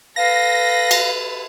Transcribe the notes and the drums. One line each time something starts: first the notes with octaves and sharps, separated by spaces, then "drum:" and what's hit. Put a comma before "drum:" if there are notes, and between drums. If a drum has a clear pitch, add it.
A4 B4 F5 A#6
drum: cymbal